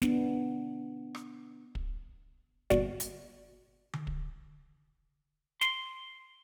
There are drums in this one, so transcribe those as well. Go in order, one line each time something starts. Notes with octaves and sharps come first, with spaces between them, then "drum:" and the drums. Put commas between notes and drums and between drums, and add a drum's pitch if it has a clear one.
B3 D4, drum: snare
drum: rim click
drum: kick
G1 A#2 F#4 D5, drum: snare
drum: hi-hat
drum: tom D3
drum: kick
C6, drum: snare